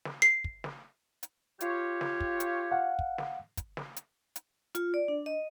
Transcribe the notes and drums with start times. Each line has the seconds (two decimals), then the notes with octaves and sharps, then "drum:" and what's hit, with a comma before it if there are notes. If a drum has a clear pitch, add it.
0.05 drum: snare
0.22 C7
0.44 drum: kick
0.64 drum: snare
1.23 drum: hi-hat
1.61 F4 G4 C#5, drum: hi-hat
2.01 drum: snare
2.20 drum: kick
2.40 drum: hi-hat
2.71 F5 F#5
2.99 drum: kick
3.18 drum: snare
3.57 drum: kick, hi-hat
3.77 drum: snare
3.96 drum: hi-hat
4.36 drum: hi-hat
4.75 F4, drum: hi-hat
4.94 D5
5.08 D4
5.26 D#5